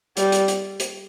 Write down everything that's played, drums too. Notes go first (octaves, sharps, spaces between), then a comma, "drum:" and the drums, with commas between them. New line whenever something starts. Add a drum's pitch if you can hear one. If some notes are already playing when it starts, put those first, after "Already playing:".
G3, drum: hi-hat
drum: hi-hat
drum: hi-hat
drum: hi-hat